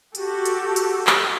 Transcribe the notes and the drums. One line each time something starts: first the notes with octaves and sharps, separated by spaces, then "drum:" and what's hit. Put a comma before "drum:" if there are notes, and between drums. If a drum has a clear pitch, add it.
F#4 G4 A4, drum: hi-hat
drum: hi-hat
drum: hi-hat
drum: clap